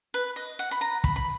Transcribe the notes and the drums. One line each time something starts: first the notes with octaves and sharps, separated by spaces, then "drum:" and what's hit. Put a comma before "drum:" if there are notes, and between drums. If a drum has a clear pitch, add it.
B4
D#5, drum: hi-hat
F#5
B5, drum: hi-hat
A#5
B5, drum: kick, hi-hat
B5